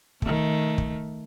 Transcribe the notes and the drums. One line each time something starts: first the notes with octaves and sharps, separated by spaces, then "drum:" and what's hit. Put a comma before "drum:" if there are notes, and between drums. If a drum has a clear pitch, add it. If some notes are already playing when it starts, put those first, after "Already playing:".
D#3 A3, drum: kick
drum: kick